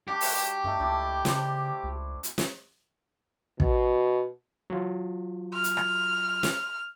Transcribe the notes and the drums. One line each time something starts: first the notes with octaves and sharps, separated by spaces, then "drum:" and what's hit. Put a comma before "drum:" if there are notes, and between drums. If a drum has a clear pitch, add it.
G3 D4 F#4 G4
drum: open hi-hat
G2 A3 D#4 A4
C#2 D4 E4 G5
C#3 D4 C5, drum: snare
C#2
drum: hi-hat
drum: snare
B2, drum: kick
F#3 F4
F6
drum: hi-hat
drum: rim click
drum: snare